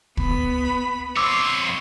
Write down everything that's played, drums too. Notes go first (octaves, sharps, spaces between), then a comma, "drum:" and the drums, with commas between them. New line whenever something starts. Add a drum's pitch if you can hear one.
B3 B5, drum: kick
F2 C#5 C6 D6 E6